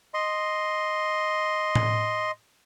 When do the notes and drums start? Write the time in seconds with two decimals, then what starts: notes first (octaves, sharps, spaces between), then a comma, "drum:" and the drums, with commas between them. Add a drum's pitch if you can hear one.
0.14 D#5 C6
1.75 drum: tom A2